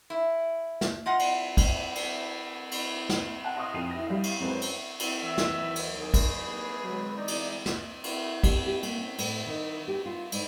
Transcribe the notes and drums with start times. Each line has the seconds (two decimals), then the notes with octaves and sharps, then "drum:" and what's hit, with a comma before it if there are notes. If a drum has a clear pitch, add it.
0.10 E4
0.81 drum: snare
1.06 F4 D#5 F#5
1.19 drum: cymbal
1.57 drum: kick, cymbal
1.95 drum: cymbal
2.71 drum: cymbal
3.09 drum: snare
3.44 F#5 A5 F#6
3.56 D#5 F5 C6 C#6 D#6 F6
3.74 F2 C7 D#7 F7
3.91 E4 A#6
4.07 G3 E4 F5
4.24 drum: cymbal
4.40 F#2 G#3 C4 B4
4.62 drum: cymbal
5.00 drum: cymbal
5.23 E3 E5
5.38 drum: snare
5.53 D#2 F#3
5.76 drum: cymbal
5.97 D#3 G#4
6.14 drum: kick, cymbal
6.46 D#2 B4
6.84 D3 F#3 G#3
7.17 E2 D#4 D5
7.28 drum: cymbal
7.66 drum: snare
8.04 drum: cymbal
8.44 G4, drum: kick, cymbal
8.66 G4
8.83 A#3, drum: cymbal
8.98 C#4
9.18 A2, drum: cymbal
9.47 D#3
9.88 G4
10.06 F4
10.32 G#2, drum: cymbal